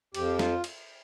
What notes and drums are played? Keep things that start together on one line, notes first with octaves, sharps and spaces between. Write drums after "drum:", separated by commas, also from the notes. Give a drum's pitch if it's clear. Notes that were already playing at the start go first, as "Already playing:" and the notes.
F2 F3 G4, drum: cymbal
F4, drum: snare
drum: cymbal